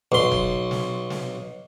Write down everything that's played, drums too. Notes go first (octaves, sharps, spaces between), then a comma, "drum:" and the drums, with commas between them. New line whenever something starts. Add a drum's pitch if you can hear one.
B1 C6
drum: kick F1
drum: snare
drum: snare